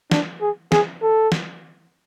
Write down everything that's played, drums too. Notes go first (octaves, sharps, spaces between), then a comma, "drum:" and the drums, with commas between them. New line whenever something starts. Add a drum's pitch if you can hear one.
D4, drum: snare
G#4
G#4, drum: snare
A4
drum: snare